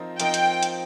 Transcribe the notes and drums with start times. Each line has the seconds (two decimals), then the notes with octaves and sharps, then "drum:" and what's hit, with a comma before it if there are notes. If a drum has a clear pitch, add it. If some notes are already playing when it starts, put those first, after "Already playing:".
Already playing: F3 C4 D#4 A#4 D#5
0.20 F3 C4 D#4 A#4 D#5 G5, drum: hi-hat
0.34 drum: hi-hat
0.63 drum: hi-hat